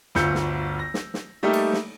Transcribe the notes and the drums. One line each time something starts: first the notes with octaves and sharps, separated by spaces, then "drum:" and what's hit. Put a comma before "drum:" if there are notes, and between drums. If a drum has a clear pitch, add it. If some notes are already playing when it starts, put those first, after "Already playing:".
G1 D2 F4 E6 G6 C#7, drum: snare
drum: snare
A#6
drum: snare
drum: snare
G3 A3 A#3 D#4 G4 A4
drum: cymbal
drum: snare